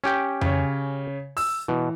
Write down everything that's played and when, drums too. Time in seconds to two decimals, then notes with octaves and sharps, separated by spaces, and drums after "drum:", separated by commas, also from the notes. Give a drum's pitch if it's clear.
0.04 C#4 G4 G5
0.41 C#3 C#5, drum: tom F2
1.37 E6, drum: open hi-hat
1.68 B2 E3